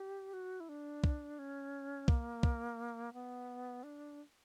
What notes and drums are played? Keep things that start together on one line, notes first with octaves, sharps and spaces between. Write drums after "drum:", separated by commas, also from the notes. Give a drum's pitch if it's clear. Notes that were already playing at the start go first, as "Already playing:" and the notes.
Already playing: G4
F#4
E4
D4
drum: kick
C#4
A#3, drum: kick
drum: kick
B3
D4